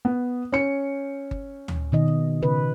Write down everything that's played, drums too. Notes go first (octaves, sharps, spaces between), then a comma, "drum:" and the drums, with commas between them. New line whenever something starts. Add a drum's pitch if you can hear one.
B3
C#4 C#7
drum: kick G1
drum: tom
B2 D#3 D#5
C#3 B4